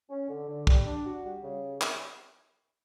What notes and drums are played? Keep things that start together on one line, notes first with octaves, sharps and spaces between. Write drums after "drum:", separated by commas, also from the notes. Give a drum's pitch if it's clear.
C#4
D3
D3
G3, drum: kick
D4
F#4
G3
C#3
drum: clap